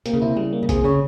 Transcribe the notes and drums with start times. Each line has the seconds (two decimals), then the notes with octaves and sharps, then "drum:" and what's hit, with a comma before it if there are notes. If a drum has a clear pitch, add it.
0.06 C3 A#3, drum: hi-hat
0.14 C#3
0.22 C3 E4
0.36 C#3 G3
0.53 A#3
0.63 C#3
0.69 C3 G#4, drum: kick, hi-hat
0.84 C#3 C#5